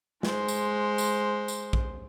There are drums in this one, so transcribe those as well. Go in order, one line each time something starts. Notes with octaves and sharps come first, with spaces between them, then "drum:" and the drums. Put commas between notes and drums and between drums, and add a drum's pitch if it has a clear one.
G#3 C5, drum: snare
drum: tambourine
drum: tambourine
drum: tambourine
drum: kick